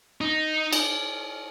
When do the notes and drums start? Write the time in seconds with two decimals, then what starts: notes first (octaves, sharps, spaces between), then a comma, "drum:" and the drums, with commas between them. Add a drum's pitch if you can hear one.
0.21 D#4
0.73 drum: cymbal